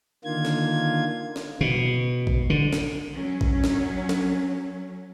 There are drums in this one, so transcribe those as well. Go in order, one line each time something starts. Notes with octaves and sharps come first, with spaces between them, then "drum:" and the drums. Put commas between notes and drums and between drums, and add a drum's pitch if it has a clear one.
D3 D#3 A#3 F4 G#6
drum: snare
drum: snare
B2
drum: kick A1
D3
drum: snare
F#3 C#4
drum: kick A1
drum: snare
drum: snare